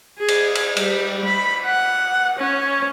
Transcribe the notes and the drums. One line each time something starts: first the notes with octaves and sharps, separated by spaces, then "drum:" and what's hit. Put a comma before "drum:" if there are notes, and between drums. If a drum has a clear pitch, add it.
G#4
drum: cymbal
drum: cymbal
G3, drum: cymbal
B5
F#5
C#4